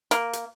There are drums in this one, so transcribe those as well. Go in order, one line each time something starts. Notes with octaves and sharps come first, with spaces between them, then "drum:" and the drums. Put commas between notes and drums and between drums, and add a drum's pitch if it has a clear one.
A#3, drum: hi-hat
drum: hi-hat